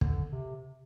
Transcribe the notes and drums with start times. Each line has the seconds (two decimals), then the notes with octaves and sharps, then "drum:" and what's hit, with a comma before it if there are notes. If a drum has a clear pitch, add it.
0.01 D3, drum: kick
0.32 C3